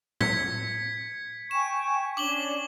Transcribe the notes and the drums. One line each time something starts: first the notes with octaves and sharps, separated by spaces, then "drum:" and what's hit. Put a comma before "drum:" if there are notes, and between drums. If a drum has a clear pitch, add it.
G#6 B6 C#7, drum: tom A2
G5 G#5 C#6 E7
C#4 D4 D6 F#7 G7